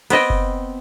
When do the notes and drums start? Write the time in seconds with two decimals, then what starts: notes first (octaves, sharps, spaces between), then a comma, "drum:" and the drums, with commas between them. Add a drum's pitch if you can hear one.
0.10 B3 C4 D#5 G5, drum: cymbal
0.30 drum: kick F#1